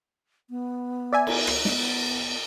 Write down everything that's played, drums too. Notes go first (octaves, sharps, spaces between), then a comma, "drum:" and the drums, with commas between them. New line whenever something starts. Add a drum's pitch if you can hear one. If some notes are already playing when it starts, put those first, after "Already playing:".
B3
D5 E5 G#5
drum: cymbal
drum: rim click
B3, drum: snare